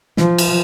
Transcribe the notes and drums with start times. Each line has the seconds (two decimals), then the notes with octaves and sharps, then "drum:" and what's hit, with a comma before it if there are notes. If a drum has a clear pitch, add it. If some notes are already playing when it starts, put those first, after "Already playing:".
0.17 F3, drum: snare
0.38 drum: cymbal